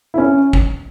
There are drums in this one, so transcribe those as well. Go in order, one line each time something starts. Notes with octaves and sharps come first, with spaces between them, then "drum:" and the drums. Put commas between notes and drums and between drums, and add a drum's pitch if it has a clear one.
E4
C#4
drum: kick